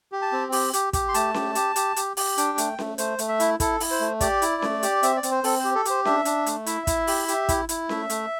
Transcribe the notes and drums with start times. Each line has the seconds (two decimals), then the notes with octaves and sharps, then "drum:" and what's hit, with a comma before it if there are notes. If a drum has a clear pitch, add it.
0.12 G4
0.22 A5
0.32 C4
0.52 G4, drum: open hi-hat
0.73 G4, drum: hi-hat
0.93 G4, drum: kick, hi-hat
1.09 C6
1.14 A3 A5, drum: hi-hat
1.34 G4, drum: snare C#4
1.55 G4, drum: hi-hat
1.76 G4, drum: hi-hat
1.96 G4, drum: hi-hat
2.17 G4, drum: open hi-hat
2.38 D4 G5, drum: hi-hat
2.58 A3, drum: hi-hat
2.79 A3, drum: snare C#4
2.98 A3 C5, drum: hi-hat
3.19 A3, drum: hi-hat
3.28 E5
3.40 E4, drum: hi-hat
3.60 E4 A4, drum: kick, hi-hat
3.80 E4, drum: open hi-hat
3.91 C5
4.00 A3
4.21 G4 D5, drum: kick, hi-hat
4.42 E4, drum: hi-hat
4.62 A3, drum: snare C#4
4.83 G4, drum: hi-hat
5.03 C4 E5, drum: hi-hat
5.16 D5
5.23 C4, drum: hi-hat
5.31 C5
5.44 C4 A4, drum: open hi-hat
5.60 G4 C5
5.75 A4
5.85 G4 C5, drum: hi-hat
6.05 D4 E5, drum: snare C#4
6.25 D4, drum: hi-hat
6.46 A3, drum: hi-hat
6.66 E4 E5, drum: hi-hat
6.87 E4, drum: kick, hi-hat
7.07 G4, drum: open hi-hat
7.28 G4, drum: hi-hat
7.49 E4, drum: kick, hi-hat
7.69 E4, drum: hi-hat
7.89 A3 E5, drum: snare C#4
8.10 A3, drum: hi-hat